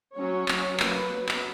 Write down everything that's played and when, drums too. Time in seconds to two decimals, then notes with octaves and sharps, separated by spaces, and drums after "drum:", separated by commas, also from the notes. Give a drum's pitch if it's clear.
0.17 F#3 C#4 C#5
0.48 F#3 C#4, drum: clap
0.80 F#3 A#3 C#4 B4, drum: clap
1.12 F#3 B3
1.29 drum: clap